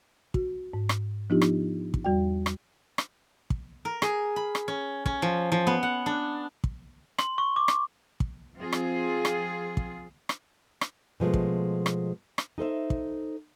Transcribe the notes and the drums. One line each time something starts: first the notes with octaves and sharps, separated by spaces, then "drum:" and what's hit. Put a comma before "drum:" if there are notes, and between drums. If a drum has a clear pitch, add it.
F#4, drum: kick
G#2
drum: rim click
F3 B3 D4 D#4 F4 G4
drum: rim click
drum: kick
E2 G3 F#4 D5 G5
drum: rim click
drum: rim click
drum: kick
A#4
G#4, drum: rim click
B5
drum: rim click
C#4
C#4, drum: kick
F3
F3
B3
F#5
D4
drum: kick
C6, drum: rim click
C#6
D6
drum: rim click
drum: kick
F3 C4 F4 G#4
drum: rim click
drum: rim click
drum: kick
drum: rim click
drum: rim click
B2 F3 G#3 A3
drum: kick
drum: rim click
drum: rim click
D#4 A4 C5 E5
drum: kick